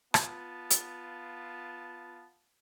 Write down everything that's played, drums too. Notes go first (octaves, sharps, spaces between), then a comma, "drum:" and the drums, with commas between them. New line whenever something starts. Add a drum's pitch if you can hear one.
B3 F4 A5, drum: rim click
drum: hi-hat